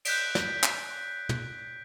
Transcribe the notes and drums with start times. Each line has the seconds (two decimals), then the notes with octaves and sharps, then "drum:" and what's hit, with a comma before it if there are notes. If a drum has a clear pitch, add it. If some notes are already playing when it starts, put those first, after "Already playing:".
0.05 F#6 G6 B6 D7, drum: cymbal
0.35 drum: snare
0.63 drum: clap
1.29 drum: tom